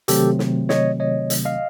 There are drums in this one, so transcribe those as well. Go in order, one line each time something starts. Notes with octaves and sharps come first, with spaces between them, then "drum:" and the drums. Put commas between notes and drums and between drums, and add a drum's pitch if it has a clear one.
C3 D#3 F#3 A3 C4 G4 A4, drum: hi-hat
drum: snare
C#5 D#5, drum: snare
C#5 D#5
drum: hi-hat
D#5 F5